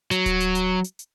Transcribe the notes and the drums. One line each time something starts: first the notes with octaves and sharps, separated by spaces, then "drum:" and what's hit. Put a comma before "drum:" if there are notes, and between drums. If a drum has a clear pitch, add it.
F#3, drum: hi-hat
drum: kick D1, hi-hat
drum: hi-hat
drum: hi-hat
drum: hi-hat
drum: hi-hat